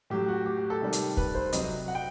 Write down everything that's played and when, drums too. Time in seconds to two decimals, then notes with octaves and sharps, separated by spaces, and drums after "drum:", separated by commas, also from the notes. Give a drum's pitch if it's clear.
0.10 A2 F#3 G4
0.28 F#4
0.46 G4
0.57 G4
0.70 A4
0.82 C3 D#3 G3
0.93 drum: hi-hat
1.17 B4, drum: kick
1.35 C5
1.52 C3 F#3 D#5, drum: hi-hat
1.88 F#5
1.95 G5